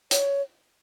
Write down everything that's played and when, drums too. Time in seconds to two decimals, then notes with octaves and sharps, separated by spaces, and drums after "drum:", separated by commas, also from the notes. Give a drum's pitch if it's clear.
0.11 C#5, drum: hi-hat